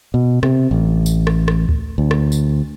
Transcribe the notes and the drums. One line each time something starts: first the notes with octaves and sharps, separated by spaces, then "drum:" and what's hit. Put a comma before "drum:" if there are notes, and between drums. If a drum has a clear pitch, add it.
B2
C3, drum: rim click
A1
drum: tambourine
drum: rim click
drum: rim click
drum: kick D2
D2
drum: rim click
drum: tambourine